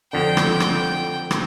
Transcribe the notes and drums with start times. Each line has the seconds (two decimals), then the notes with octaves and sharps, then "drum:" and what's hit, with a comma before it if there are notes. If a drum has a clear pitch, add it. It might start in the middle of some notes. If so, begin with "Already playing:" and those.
0.13 F2 D3 G5
0.37 drum: rim click
0.60 drum: rim click
1.31 drum: rim click